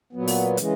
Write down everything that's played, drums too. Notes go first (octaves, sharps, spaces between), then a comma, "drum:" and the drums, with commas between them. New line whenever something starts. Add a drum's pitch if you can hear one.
A#2 F#3 B3
drum: open hi-hat
C#3 E3 G#3, drum: hi-hat